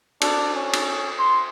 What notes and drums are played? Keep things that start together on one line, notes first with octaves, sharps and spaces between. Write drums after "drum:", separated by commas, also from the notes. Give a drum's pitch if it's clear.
D4, drum: cymbal
C#4
drum: cymbal
C6